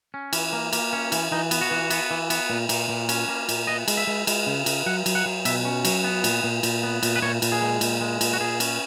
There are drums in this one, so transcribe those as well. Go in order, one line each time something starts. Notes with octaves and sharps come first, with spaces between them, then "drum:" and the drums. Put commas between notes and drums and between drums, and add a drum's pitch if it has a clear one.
C#4
E3, drum: cymbal
A#3
A#3, drum: cymbal
C#4
E3, drum: cymbal
E3 D#4
B3, drum: cymbal
F#4
E3
B3, drum: cymbal
E3
B3, drum: cymbal
A#2
A#2, drum: cymbal
A#2
C#4, drum: cymbal
A#3
A#2, drum: cymbal
B3 D#5
G#3, drum: cymbal
E5
G#3
G#3, drum: cymbal
C#3
C#3, drum: cymbal
F#3 F#5
F#3, drum: cymbal
F#5
F#3
B2 E5, drum: cymbal
C#4
F#3, drum: cymbal
B3
A#2, drum: cymbal
A#2
A#2, drum: cymbal
B3
A#2, drum: cymbal
B4
A#2 C#5
A#2, drum: cymbal
G#4
G#3
A#2, drum: cymbal
G#3
A#2, drum: cymbal
F#4
A#2 G#4
C#4, drum: cymbal